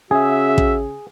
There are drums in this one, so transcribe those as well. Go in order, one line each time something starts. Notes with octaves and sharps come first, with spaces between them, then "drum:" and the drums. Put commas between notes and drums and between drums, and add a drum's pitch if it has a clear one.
C#3 F#4 G#4 E5
drum: kick